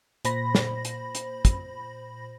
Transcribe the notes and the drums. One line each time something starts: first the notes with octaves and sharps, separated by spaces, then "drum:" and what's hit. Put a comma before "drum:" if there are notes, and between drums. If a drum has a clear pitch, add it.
A#2 C5 B5 A#6, drum: hi-hat
drum: snare
drum: hi-hat
drum: hi-hat
drum: kick, hi-hat